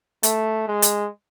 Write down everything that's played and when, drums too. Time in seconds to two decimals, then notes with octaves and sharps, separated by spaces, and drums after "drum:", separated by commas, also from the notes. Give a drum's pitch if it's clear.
0.23 A3, drum: hi-hat
0.68 G#3
0.82 drum: hi-hat